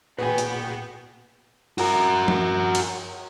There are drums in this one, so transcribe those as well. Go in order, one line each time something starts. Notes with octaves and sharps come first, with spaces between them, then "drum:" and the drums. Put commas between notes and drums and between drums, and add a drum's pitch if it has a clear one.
A#2 B3 F#4 G#4 B4 G5 G#5
drum: hi-hat
F#4 A#4, drum: open hi-hat
drum: tom F3
drum: cymbal